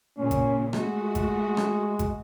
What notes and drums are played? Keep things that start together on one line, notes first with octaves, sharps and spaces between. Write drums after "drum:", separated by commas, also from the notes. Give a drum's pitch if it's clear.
A#2 C#3 C#4
drum: kick G#1, hi-hat
G#3 A3 F#4, drum: rim click
drum: kick G#1, hi-hat
drum: rim click
drum: kick G#1, hi-hat